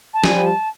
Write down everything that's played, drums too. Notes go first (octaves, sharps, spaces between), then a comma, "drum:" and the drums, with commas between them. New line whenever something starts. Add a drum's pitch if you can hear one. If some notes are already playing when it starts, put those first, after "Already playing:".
A5
F3 G3 G#5, drum: snare
A5